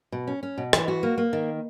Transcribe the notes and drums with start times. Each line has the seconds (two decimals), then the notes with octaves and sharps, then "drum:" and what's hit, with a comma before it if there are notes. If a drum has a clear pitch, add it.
0.12 B2
0.27 C#4
0.43 C#4
0.58 B2
0.73 E3, drum: rim click
0.88 F#4
1.03 A#3
1.18 A#3
1.33 D#3